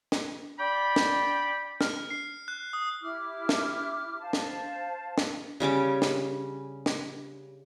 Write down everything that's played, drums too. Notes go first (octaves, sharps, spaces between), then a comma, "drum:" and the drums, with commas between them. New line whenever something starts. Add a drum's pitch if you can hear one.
drum: snare
D5 G5 B5
drum: snare
F6, drum: snare
C7
F#6
D#6
E4 G4 D6 F6
drum: snare
C5 F5 A5
drum: snare
drum: snare
C#3 G3 C#4 D6
drum: snare
drum: snare